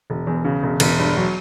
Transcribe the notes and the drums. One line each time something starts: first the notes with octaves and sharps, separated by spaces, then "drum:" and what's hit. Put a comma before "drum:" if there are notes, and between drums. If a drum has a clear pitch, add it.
E1
E2
C#3
E1
E1, drum: cymbal
G2
F#3